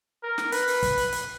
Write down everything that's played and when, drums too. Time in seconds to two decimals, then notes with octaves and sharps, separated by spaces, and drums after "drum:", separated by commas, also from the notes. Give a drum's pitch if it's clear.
0.23 A#4
0.38 drum: snare
0.52 B4, drum: hi-hat
0.68 drum: open hi-hat
0.83 drum: kick, hi-hat
0.98 drum: hi-hat
1.12 drum: hi-hat